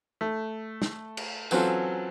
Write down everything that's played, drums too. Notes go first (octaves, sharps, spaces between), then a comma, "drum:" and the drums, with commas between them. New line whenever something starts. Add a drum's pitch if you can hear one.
A3
drum: snare
drum: cymbal
E3 F#3 C4 C#4 F4 A4, drum: tambourine